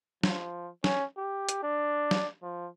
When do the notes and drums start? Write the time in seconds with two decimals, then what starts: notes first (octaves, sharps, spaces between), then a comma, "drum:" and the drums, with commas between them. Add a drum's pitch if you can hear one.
0.24 F3, drum: snare
0.84 C#4, drum: snare
1.17 G4
1.49 drum: hi-hat
1.63 D4
2.11 drum: snare
2.42 F3